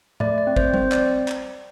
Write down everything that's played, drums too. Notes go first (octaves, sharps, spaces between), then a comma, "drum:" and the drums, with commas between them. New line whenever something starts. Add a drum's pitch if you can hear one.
A3 D5, drum: tom A2
D5
C4
C5, drum: kick
C4 C5, drum: tom
D5, drum: clap
drum: clap